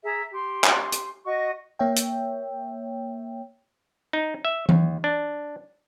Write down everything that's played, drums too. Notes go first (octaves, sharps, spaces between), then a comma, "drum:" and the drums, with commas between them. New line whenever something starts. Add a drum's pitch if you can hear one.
G#4 E5 A#5
G4 C6
drum: clap
drum: hi-hat
F#4 D#5 C#6
A#3 C#5 E5 G5
drum: hi-hat
D#4
E5
D#2, drum: tom E3
D4